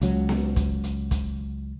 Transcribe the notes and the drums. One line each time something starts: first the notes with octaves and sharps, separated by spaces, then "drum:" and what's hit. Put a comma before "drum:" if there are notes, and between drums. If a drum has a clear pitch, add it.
C#2 F#3, drum: hi-hat
drum: snare B3
drum: kick, hi-hat
drum: hi-hat
drum: kick, hi-hat